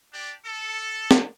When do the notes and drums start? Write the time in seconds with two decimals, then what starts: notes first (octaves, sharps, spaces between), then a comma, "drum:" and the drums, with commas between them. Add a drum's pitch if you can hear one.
0.12 D4 G4 D5
0.45 A4
1.11 drum: snare